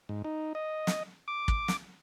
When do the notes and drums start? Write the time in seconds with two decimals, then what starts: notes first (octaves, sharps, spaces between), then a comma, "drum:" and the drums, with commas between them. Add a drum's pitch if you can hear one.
0.09 G#2
0.25 D#4
0.55 D#5
0.87 drum: snare
1.28 D6
1.48 drum: kick
1.68 drum: snare